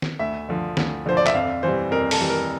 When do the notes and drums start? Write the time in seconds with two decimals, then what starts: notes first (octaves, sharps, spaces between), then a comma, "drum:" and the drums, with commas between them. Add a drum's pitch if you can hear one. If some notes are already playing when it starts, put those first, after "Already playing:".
0.02 drum: snare
0.19 D2 E5
0.49 D3 F3
0.77 D2, drum: snare
1.06 D3 F3 C5
1.17 D5
1.26 E5, drum: clap
1.34 F2 F5
1.63 E3 G3 C5
1.91 F2 A#4
2.11 A4, drum: open hi-hat
2.21 E3 G3
2.30 A#4